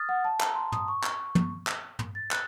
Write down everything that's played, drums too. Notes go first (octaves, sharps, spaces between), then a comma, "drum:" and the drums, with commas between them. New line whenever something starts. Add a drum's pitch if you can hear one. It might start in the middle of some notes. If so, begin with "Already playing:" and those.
Already playing: D#6 F6 A6
F#5
A5
A#5, drum: clap
C6
D#6, drum: tom
C#6
drum: clap
drum: tom
drum: clap
drum: tom
A6
F#6, drum: clap